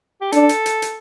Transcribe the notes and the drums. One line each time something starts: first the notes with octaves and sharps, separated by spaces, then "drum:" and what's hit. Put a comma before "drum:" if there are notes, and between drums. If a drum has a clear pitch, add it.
G4
D4 A4, drum: hi-hat
drum: hi-hat
drum: hi-hat
drum: hi-hat